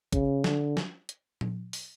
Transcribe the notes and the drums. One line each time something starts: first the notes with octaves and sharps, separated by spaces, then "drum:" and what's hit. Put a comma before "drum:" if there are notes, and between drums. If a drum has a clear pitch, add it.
C#3, drum: kick, hi-hat
D3, drum: snare
drum: snare
drum: hi-hat
drum: tom
drum: open hi-hat